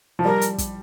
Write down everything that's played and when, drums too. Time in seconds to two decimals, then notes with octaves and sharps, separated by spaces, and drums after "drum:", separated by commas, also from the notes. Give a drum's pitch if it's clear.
0.19 F3
0.25 G3 A#4
0.41 drum: hi-hat
0.58 drum: kick, hi-hat